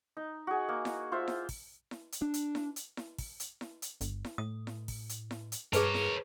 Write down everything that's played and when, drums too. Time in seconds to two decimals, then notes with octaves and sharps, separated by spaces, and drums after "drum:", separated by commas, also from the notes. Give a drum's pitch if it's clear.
0.17 D#4
0.47 F#4 G#4
0.68 A#3
0.85 drum: snare E4
1.12 F4 C5 E5
1.28 drum: snare E4
1.49 drum: kick, open hi-hat
1.91 drum: snare E4
2.12 drum: hi-hat
2.22 D4
2.34 drum: hi-hat
2.55 drum: snare E4
2.76 drum: hi-hat
2.97 drum: snare E4
3.18 drum: kick, open hi-hat
3.40 drum: hi-hat
3.61 drum: snare E4
3.82 drum: hi-hat
4.01 G1, drum: hi-hat
4.25 drum: snare E4
4.38 A2 D#6
4.67 drum: snare E4
4.88 drum: kick, open hi-hat
5.09 drum: hi-hat
5.31 drum: snare E4
5.52 drum: hi-hat
5.73 G2 G#4 A#4 B4 C#5 A5, drum: hi-hat
5.94 drum: snare E4